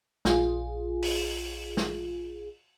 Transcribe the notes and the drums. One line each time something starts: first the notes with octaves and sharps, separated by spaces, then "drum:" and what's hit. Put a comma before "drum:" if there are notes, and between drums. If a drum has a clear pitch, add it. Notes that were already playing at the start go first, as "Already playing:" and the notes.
A#1 F4 G#4, drum: snare
drum: open hi-hat
drum: snare